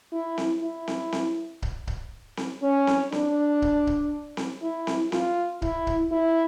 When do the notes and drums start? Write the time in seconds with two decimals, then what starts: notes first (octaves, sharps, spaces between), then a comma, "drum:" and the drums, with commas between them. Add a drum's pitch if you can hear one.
0.12 E4
0.38 drum: snare C4
0.62 E4
0.88 drum: snare C4
1.12 drum: snare C4
1.62 drum: kick C#1
1.87 drum: kick C#1
2.37 drum: snare C4
2.63 C#4
2.87 drum: snare C4
3.12 D4, drum: snare C4
3.62 drum: kick C#1
3.87 drum: kick C#1
4.37 drum: snare C4
4.62 E4
4.87 drum: snare C4
5.12 F4, drum: snare C4
5.62 E4, drum: kick C#1
5.87 drum: kick C#1
6.12 E4